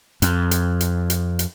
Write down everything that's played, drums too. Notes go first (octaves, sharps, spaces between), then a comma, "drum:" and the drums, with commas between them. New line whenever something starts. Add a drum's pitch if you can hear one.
F2, drum: hi-hat
drum: hi-hat
drum: hi-hat
drum: hi-hat
drum: hi-hat